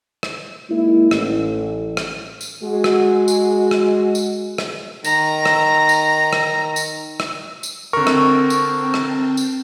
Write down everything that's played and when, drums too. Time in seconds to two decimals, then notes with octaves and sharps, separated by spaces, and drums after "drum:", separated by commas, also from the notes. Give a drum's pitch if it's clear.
0.23 drum: rim click
0.70 G#3 A#3 D#4 E4
1.11 A1, drum: rim click
1.97 drum: rim click
2.41 drum: tambourine
2.62 G#3 F#4
2.84 drum: rim click
3.28 drum: tambourine
3.71 drum: rim click
4.15 drum: tambourine
4.58 drum: rim click
5.05 D#3 A#5 A#6, drum: tambourine
5.46 drum: rim click
5.89 drum: tambourine
6.33 drum: rim click
6.76 drum: tambourine
7.20 drum: rim click
7.63 drum: tambourine
7.93 D3 C4 A#4 G5 A5 C#6
8.07 drum: rim click
8.50 drum: tambourine
8.94 drum: rim click
9.37 drum: tambourine